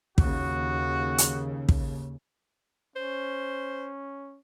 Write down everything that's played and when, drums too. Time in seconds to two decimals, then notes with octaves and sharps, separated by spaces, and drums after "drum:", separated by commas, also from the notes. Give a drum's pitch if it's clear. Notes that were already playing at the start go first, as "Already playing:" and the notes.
0.18 D#2 C#3 F#4, drum: kick
1.18 drum: hi-hat
1.69 drum: kick
2.96 C#4 C5